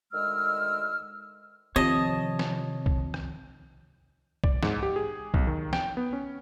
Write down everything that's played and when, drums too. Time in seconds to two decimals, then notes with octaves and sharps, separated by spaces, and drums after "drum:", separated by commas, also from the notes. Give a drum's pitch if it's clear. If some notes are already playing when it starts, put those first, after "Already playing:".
0.12 D2 D#3 G#3 E6 F6
1.76 C3 D#3 F3 C#5 D#5 A5 D#6
2.39 drum: snare
2.86 drum: kick B1
3.14 drum: rim click
4.44 D5, drum: kick B1
4.63 G#2, drum: snare
4.83 G4
4.96 G#4
5.34 B1, drum: kick B1
5.47 D#3
5.73 G5, drum: snare
5.97 B3
6.13 C#4